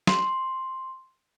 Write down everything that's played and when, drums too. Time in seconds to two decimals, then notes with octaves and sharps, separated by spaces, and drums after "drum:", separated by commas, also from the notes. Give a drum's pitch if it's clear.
0.07 C6, drum: snare